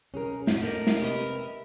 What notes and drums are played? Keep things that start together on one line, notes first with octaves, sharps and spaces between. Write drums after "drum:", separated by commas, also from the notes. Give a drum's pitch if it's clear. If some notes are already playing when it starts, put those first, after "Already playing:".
B1 C#4 G#4 A#4
F#2 A#2 C4 F#4, drum: snare
A3 B3 D4 D#4 A#4
drum: snare
C3 G4 B4 C#5 D#5
E5